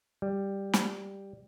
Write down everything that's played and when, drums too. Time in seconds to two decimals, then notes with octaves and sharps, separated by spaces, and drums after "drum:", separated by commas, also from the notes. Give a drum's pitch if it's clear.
0.22 G3
0.73 drum: snare